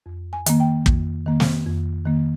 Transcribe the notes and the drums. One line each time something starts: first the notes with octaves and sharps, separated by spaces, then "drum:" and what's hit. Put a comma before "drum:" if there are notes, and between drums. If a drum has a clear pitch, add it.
F2
G#5
D#3 A#3, drum: hi-hat
G5
F2, drum: kick
D#3 A#3
drum: snare
F2
D#3 A#3